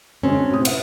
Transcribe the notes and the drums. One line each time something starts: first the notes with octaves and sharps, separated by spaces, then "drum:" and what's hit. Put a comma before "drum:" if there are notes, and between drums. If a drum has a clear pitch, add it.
F#2 D3 G#3 C4 C#4
D4
A2 C3 D#6
B4 E5 F#5, drum: cymbal